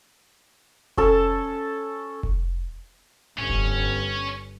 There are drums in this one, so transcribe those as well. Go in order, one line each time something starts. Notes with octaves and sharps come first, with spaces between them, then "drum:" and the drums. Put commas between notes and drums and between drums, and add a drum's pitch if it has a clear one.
C#4 A4 A5, drum: kick F1
drum: kick F1
G1 C#4
drum: kick F1